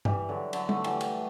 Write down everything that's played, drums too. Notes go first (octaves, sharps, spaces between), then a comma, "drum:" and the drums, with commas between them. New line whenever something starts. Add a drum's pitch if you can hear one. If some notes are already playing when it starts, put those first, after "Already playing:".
E3 G3, drum: tom G2
D3 F#3
D3 F#3, drum: cymbal
F#3 A3, drum: tom
E3 G3, drum: cymbal
drum: cymbal